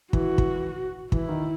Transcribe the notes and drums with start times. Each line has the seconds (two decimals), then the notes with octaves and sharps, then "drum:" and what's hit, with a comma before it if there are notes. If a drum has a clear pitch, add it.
0.13 E3 F#4, drum: kick
0.38 drum: kick
1.12 E3 E4, drum: kick
1.29 D#3